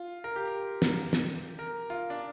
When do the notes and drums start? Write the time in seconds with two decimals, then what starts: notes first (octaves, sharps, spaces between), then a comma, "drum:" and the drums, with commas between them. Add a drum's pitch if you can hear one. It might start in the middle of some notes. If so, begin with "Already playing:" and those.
Already playing: F4
0.24 A#4
0.36 G4
0.82 drum: snare
1.13 drum: snare
1.59 A#4
1.90 F4
2.10 D4